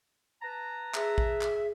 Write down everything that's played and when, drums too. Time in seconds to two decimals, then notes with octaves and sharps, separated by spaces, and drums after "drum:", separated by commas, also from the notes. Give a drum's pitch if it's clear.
0.42 B4 A5 A#5
0.94 G#4 E5, drum: clap
1.18 drum: kick
1.41 drum: clap